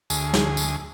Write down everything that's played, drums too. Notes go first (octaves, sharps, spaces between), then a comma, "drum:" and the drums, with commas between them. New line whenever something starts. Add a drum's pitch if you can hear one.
D2 G#4, drum: tambourine
drum: snare
drum: tambourine